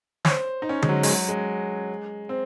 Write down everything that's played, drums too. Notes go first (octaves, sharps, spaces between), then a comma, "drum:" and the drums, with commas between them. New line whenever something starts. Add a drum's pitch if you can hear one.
C#5, drum: snare
C5
D#4
C#4
G#3, drum: tom D3
F#3
G#3, drum: open hi-hat
F#3
G#3
C4